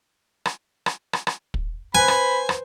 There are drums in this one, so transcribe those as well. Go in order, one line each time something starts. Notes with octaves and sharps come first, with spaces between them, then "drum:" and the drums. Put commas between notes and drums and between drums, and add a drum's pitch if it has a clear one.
drum: rim click
drum: rim click
drum: rim click
drum: rim click
drum: kick
B4 C5 G#5 B5
drum: rim click
drum: rim click